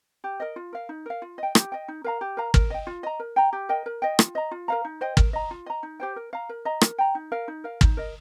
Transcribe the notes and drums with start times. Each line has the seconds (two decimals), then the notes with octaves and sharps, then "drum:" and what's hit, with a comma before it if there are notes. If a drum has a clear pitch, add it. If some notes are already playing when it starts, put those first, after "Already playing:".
0.24 G4
0.40 A#4 D#5
0.56 F4
0.73 A#4 F5
0.89 D#4
1.06 A#4 F5
1.22 F4
1.38 D#5 G5
1.55 G4, drum: rim click
1.72 D#5 G5
1.88 D#4
2.04 A#4 F5 A#5
2.21 G4
2.37 A#4 F5 A#5
2.54 A#4, drum: kick
2.70 D#5 G5
2.87 F4
3.03 D#5 A#5
3.20 A#4
3.36 G5 A#5
3.53 G4
3.69 A#4 D#5 G5
3.86 A#4
4.02 D#5 G5
4.19 F4, drum: rim click
4.35 D#5 A#5
4.51 F4
4.68 A#4 F5 A#5
4.85 D#4
5.01 C5 D#5 G5
5.17 A#4, drum: kick
5.33 D#5 A#5
5.51 F4
5.66 D#5 A#5
5.83 D#4
6.00 G4 C5 G5
6.16 A#4
6.33 F5 A#5
6.49 A#4
6.65 D#5 A#5
6.81 A#4, drum: rim click
6.98 G5 A#5
7.15 D#4
7.32 A#4 F5
7.48 D#4
7.64 A#4 F5
7.81 D#4, drum: kick
7.97 A#4 D#5